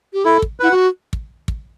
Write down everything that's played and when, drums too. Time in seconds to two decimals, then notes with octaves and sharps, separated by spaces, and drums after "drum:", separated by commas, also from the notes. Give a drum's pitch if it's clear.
0.13 G4
0.25 E4 A4
0.42 drum: kick
0.60 E4 B4 F#5
0.71 F#4
1.13 drum: kick
1.48 drum: kick